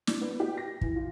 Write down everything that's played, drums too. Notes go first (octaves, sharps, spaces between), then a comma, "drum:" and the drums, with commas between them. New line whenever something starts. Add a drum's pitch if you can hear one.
D4, drum: snare
B3
G4
A#6
E3, drum: kick
F4